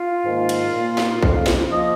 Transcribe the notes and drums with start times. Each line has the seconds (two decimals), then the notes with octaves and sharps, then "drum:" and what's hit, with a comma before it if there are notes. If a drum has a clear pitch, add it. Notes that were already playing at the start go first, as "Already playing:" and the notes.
Already playing: F4
0.25 G#2 D#3 A#3
0.49 drum: cymbal
0.73 A#2 A#3
0.98 drum: snare
1.23 F2 C#3 A#3, drum: kick
1.46 drum: snare
1.71 F3 A#3 D#5